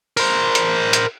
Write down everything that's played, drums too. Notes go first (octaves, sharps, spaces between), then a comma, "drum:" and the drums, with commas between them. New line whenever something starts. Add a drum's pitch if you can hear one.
A#4 C5, drum: open hi-hat
drum: hi-hat
drum: hi-hat